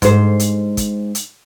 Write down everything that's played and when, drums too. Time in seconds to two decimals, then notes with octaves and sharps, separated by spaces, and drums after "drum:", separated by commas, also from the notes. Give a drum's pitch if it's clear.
0.02 G#2 C5, drum: kick, hi-hat
0.40 drum: hi-hat
0.77 drum: kick, hi-hat
1.15 drum: hi-hat